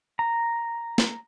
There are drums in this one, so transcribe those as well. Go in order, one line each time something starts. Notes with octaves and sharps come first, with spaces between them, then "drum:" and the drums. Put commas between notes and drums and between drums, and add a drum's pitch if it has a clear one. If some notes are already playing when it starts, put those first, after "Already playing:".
A#5
drum: snare